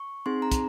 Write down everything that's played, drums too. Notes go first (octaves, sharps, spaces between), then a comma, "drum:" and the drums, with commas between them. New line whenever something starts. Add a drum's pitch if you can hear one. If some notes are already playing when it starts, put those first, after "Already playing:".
Already playing: C#6
C4 D#4 G#4 C6
A#5
drum: kick, hi-hat